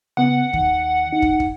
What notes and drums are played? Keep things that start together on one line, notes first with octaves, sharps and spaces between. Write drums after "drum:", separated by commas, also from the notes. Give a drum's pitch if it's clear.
C#3 B3 F#5
D#2 D#3, drum: kick
D#4
drum: kick
drum: kick